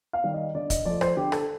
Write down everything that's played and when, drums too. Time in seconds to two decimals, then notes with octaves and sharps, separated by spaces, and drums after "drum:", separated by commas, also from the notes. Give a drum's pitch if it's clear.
0.13 F5
0.24 D#3 G3
0.34 D#5
0.55 D3 D5
0.70 D#5, drum: kick, hi-hat
0.85 F3 A3 D5
1.01 C5, drum: rim click
1.17 D3 G4
1.32 A4, drum: rim click